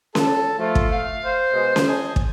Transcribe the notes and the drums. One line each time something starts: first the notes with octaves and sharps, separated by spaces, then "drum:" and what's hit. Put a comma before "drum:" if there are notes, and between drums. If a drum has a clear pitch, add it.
A4 A5, drum: snare C#4
F3 A3 F4
drum: kick
F5
C5
B2 G#3
drum: snare C#4
D#5 G#5 A5
drum: kick